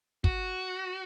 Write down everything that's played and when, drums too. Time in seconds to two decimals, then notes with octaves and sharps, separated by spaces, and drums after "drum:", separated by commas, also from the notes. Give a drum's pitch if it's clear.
0.24 F#4, drum: kick